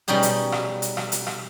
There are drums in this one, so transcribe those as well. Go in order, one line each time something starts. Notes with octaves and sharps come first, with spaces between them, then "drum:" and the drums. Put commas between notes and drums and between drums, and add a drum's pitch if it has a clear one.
B2 G3 C#4 D#4 G#4
drum: hi-hat
drum: rim click
drum: hi-hat
drum: rim click
drum: hi-hat
drum: rim click